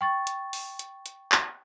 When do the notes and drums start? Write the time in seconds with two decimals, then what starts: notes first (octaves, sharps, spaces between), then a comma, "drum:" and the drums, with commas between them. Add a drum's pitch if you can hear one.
0.01 G5 C#6 A6
0.27 drum: hi-hat
0.53 drum: open hi-hat
0.79 drum: hi-hat
1.06 drum: hi-hat
1.32 drum: clap